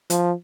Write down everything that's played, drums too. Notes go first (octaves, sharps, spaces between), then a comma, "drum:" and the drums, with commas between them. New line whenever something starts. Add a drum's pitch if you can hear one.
F3, drum: hi-hat